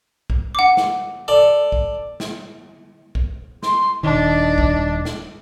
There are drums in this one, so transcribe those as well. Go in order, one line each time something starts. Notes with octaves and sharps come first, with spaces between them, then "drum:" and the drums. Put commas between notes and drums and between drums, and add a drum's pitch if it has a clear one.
drum: kick
F#5 D6
drum: snare
A4 D5
drum: kick
drum: snare
drum: kick
C6, drum: snare
D#1 D#3 D4 D#5
drum: kick
drum: snare